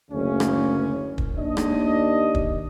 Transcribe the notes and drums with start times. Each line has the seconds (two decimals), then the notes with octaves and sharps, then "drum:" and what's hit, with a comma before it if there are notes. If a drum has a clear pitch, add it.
0.11 F#1 D2 C#3 C#4
0.40 drum: rim click
1.18 drum: kick
1.37 D#2 D4 D#5
1.57 drum: rim click
2.35 drum: kick